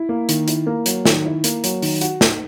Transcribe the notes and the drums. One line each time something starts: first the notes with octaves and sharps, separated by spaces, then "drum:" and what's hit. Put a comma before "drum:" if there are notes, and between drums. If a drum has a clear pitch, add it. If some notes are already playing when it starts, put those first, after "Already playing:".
Already playing: E4
A#3
D#3, drum: hi-hat
E4, drum: hi-hat
A#3
F#3, drum: hi-hat
D#3, drum: snare
E4
A#3, drum: hi-hat
F#3, drum: hi-hat
D#3, drum: open hi-hat
F#4, drum: hi-hat
D#4, drum: snare